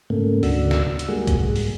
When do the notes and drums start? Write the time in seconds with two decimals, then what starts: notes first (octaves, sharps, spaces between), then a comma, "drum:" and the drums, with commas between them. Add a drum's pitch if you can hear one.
0.10 G#2 C#3 A3 A#3
0.43 D2 D4 F#4 E6, drum: open hi-hat
0.71 drum: snare
0.99 drum: hi-hat
1.08 G3 G#3 A#3 F#4 G#4
1.27 drum: kick B1, hi-hat
1.40 G#2
1.56 drum: open hi-hat